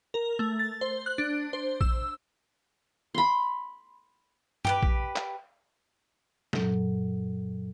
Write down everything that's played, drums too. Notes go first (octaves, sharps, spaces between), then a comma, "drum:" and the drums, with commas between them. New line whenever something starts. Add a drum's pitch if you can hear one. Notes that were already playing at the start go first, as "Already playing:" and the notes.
A#4
A3
A6
C5
F#6
D4
C5
E6, drum: kick A#1
B5 C6
G4 A#4 B4, drum: tom G2
drum: kick A#1
drum: clap
F#2 A#2 F#3 A4, drum: snare